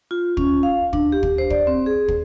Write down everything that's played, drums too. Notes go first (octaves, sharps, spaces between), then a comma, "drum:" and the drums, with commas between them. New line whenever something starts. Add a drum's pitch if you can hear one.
F4
C#4, drum: kick
F5
D4, drum: kick
G4
drum: kick
C5
D5, drum: kick
C4
G#4
drum: kick